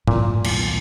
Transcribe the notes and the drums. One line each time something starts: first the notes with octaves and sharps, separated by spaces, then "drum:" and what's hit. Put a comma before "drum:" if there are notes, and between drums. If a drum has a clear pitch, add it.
A#2 E4, drum: tom G#2
D#1 B1 A3, drum: cymbal